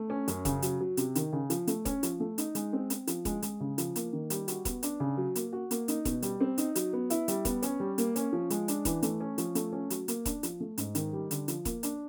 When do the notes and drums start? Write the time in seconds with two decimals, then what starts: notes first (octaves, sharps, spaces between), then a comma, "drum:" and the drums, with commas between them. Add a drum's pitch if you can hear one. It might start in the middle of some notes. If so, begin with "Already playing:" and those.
Already playing: A3
0.10 C#4
0.28 F#2, drum: hi-hat
0.45 C#3, drum: kick E1, hi-hat
0.62 F#3, drum: hi-hat
0.80 F#3
0.97 C3, drum: hi-hat
1.15 D#3, drum: hi-hat
1.33 C#3
1.50 F3, drum: hi-hat
1.67 A3, drum: hi-hat
1.85 C#4, drum: kick E1, hi-hat
2.03 F3, drum: hi-hat
2.20 A3
2.38 D#4, drum: hi-hat
2.55 G#3, drum: hi-hat
2.73 C4
2.90 C4, drum: hi-hat
3.07 F3, drum: hi-hat
3.25 G#3, drum: kick E1, hi-hat
3.42 G#3, drum: hi-hat
3.61 C#3
3.78 F3, drum: hi-hat
3.96 A#3, drum: hi-hat
4.13 D#3
4.30 G3, drum: hi-hat
4.48 F#4, drum: hi-hat
4.65 B3, drum: kick E1, hi-hat
4.83 D4, drum: hi-hat
5.00 C#3
5.17 F#3
5.35 A#3, drum: hi-hat
5.53 F#4
5.71 A#3, drum: hi-hat
5.88 D#4, drum: hi-hat
6.05 B2, drum: kick E1, hi-hat
6.22 G3, drum: hi-hat
6.41 C4
6.58 D#4, drum: hi-hat
6.75 F#3, drum: hi-hat
6.93 B3
7.10 E4, drum: hi-hat
7.28 G3, drum: hi-hat
7.45 B3, drum: kick E1, hi-hat
7.62 C#4, drum: hi-hat
7.80 G3
7.98 A#3, drum: hi-hat
8.16 C#4, drum: hi-hat
8.33 F3
8.50 G#3, drum: hi-hat
8.68 D4, drum: hi-hat
8.85 E3, drum: kick E1, hi-hat
9.03 A3, drum: hi-hat
9.21 C#4
9.38 F3, drum: hi-hat
9.55 A3, drum: hi-hat
9.73 C#4
9.90 F#3, drum: hi-hat
10.08 A#3, drum: hi-hat
10.25 D4, drum: kick E1, hi-hat
10.43 F3, drum: hi-hat
10.60 A3
10.78 G#2, drum: hi-hat
10.95 D#3, drum: hi-hat
11.13 G3
11.31 D3, drum: hi-hat
11.48 F3, drum: hi-hat
11.65 A#3, drum: kick E1, hi-hat
11.83 D4, drum: hi-hat